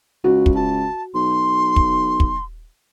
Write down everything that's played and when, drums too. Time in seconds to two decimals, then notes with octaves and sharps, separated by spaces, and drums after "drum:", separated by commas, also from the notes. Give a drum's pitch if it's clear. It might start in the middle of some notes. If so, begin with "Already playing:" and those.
0.24 C#2 F#4
0.46 drum: kick
0.55 F#4 A5
1.15 B1 C6
1.76 drum: kick
2.20 drum: kick